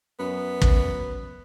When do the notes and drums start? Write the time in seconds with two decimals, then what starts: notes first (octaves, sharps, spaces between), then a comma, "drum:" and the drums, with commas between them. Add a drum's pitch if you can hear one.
0.20 F#2 B3
0.62 drum: kick